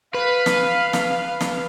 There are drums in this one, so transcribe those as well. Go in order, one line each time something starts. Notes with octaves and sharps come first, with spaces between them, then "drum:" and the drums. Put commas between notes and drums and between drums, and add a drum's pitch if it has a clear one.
B4 F5
drum: snare
drum: snare
drum: snare